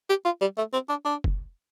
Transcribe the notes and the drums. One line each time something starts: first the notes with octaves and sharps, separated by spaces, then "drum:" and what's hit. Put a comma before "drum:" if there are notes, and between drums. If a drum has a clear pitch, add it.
G4
F4
G3
A3
C4
D4
D4
drum: kick